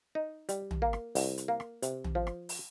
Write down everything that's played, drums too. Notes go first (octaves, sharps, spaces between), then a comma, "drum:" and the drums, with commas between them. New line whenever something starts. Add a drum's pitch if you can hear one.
D#4
G3, drum: hi-hat
drum: tom
A#3
drum: rim click
C2, drum: open hi-hat
drum: hi-hat
A#3
drum: rim click
C3, drum: hi-hat
drum: tom
F3
drum: rim click
drum: open hi-hat